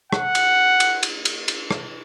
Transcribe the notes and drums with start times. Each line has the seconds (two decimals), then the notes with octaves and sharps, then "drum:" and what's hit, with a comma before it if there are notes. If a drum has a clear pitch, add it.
0.13 F#5, drum: rim click
0.35 drum: cymbal
0.80 drum: cymbal
1.03 drum: cymbal
1.25 drum: cymbal
1.48 drum: cymbal
1.71 drum: rim click